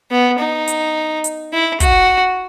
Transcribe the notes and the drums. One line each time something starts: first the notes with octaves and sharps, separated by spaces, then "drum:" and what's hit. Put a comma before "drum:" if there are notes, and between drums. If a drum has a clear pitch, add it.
B3
D#4
drum: hi-hat
drum: hi-hat
E4
F#4, drum: kick, hi-hat